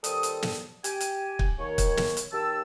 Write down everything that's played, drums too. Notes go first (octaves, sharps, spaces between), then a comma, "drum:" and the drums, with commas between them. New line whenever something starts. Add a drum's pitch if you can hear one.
D#2 G3 A4 C5 D#6, drum: hi-hat
drum: hi-hat
drum: snare
G4 G#5, drum: hi-hat
drum: hi-hat
drum: kick
D#2 C#5
drum: kick, hi-hat
drum: snare
drum: hi-hat
D#2 G4 A5 E6